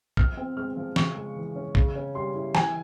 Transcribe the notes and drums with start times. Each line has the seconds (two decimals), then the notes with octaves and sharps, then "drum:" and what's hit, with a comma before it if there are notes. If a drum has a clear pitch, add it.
0.17 F3 F6, drum: kick
0.37 C4
0.57 G#3 F6
0.77 F3
0.96 C#3 C#6, drum: snare
1.16 G#3
1.36 E3
1.56 C#4
1.75 C#3, drum: kick
1.95 C#4
2.15 G3 C6
2.35 E4
2.55 E3 G#5, drum: snare